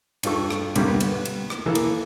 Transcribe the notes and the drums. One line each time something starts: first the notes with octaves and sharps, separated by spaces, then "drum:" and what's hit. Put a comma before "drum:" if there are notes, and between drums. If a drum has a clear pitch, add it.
G2 D4 F4 A4 C#6, drum: cymbal
drum: rim click
C2 G2 D3 G3 A#3, drum: cymbal
B3
drum: cymbal
drum: cymbal
drum: rim click
E3 A#3 A4
drum: cymbal